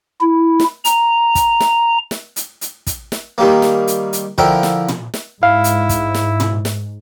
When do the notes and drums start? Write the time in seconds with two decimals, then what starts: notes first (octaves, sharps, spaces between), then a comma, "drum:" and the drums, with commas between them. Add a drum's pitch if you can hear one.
0.21 E4
0.60 drum: snare
0.85 A#5, drum: hi-hat
1.35 drum: kick, hi-hat
1.60 drum: snare
2.11 drum: snare
2.36 drum: hi-hat
2.61 drum: hi-hat
2.87 drum: kick, hi-hat
3.12 drum: snare
3.38 D#3 G3 A#3
3.62 drum: snare
3.87 drum: hi-hat
4.13 drum: hi-hat
4.38 D3 F3 E4 A#4 G5, drum: kick
4.63 drum: snare
4.88 drum: tom
5.14 drum: snare
5.43 G#2 E4 F5
5.64 drum: hi-hat
5.89 drum: kick, hi-hat
6.14 drum: snare
6.40 drum: tom
6.65 drum: snare